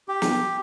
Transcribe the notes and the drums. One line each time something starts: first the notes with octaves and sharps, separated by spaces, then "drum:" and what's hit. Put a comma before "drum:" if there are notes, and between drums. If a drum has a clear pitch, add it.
G4
drum: snare